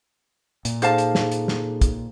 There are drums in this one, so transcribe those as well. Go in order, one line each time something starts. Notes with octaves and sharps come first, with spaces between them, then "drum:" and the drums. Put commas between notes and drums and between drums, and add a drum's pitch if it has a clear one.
A#2, drum: hi-hat
D#4 G#4 A4 C5 F5 A5, drum: hi-hat
drum: hi-hat
drum: snare
drum: hi-hat
drum: snare
drum: kick, hi-hat